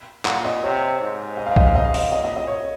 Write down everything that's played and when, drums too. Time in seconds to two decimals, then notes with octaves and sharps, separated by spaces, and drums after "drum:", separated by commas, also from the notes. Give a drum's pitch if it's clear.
0.25 A#2 F#5, drum: clap
0.45 D#5
0.63 C3 C#5
1.00 G#2
1.37 D#5
1.46 F5
1.56 D#5, drum: kick B1
1.66 F5
1.75 D#5
1.84 F5
1.94 D#5, drum: open hi-hat
2.12 A#2 D#5
2.24 D#5
2.36 D#5
2.47 C#5